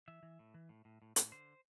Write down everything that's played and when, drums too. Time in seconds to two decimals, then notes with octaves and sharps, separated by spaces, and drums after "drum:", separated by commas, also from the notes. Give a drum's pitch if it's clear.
0.08 E3 E5
0.23 E3
0.39 A2
0.54 E3
0.69 A2
0.85 A2
1.02 A2
1.16 A2, drum: hi-hat
1.32 D3 C5